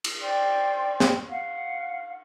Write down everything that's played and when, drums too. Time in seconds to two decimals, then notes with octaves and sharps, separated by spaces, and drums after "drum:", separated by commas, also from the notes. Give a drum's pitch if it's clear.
0.04 drum: cymbal
0.20 C5 D5 G5 C6
1.00 drum: snare
1.28 F5 F#5